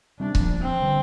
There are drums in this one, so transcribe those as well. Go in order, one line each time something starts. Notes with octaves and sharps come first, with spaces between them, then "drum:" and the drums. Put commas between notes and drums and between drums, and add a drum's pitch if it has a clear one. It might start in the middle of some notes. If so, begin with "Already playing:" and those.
G3 C4 D4
G3, drum: kick C#1
F3 A#3
C4
D3 G3